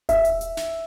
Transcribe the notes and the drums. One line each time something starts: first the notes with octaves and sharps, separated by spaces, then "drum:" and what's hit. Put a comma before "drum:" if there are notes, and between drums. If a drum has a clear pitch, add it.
E5, drum: kick D#1, hi-hat
drum: hi-hat
drum: hi-hat
drum: snare